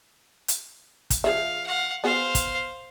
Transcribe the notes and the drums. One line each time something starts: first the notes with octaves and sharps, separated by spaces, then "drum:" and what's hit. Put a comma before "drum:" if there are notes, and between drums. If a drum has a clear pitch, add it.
drum: hi-hat
drum: kick, hi-hat
F3 G#4 E5 F5
F5 F#5
B3 F#4 G#4 C5 F5
drum: kick, hi-hat